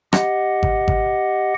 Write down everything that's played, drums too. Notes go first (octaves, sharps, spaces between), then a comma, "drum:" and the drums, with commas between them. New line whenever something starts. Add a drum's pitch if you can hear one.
G4 D#5 F#5, drum: rim click
drum: kick G#1
drum: kick G#1